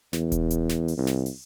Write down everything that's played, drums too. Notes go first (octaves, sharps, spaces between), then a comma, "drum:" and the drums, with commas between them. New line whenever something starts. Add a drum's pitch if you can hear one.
E2, drum: snare
drum: kick E1, hi-hat
drum: hi-hat
drum: snare
drum: open hi-hat
C2
drum: snare
drum: open hi-hat